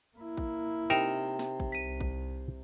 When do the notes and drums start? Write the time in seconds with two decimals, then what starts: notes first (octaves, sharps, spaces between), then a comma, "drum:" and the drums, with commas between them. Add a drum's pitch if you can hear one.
0.17 A#3 E4
0.37 drum: kick
0.90 C3 D#4 A#4 G5 E7
1.39 drum: snare
1.60 drum: kick
1.72 C2 B6 D#7
2.00 drum: kick